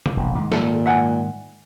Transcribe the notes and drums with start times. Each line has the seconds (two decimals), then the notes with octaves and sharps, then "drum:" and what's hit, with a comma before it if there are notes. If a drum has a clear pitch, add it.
0.06 drum: tom C3
0.17 E1 A#1
0.36 G#2 D#3 G#3
0.52 A#2 A4, drum: snare
0.86 E5 F#5 G#5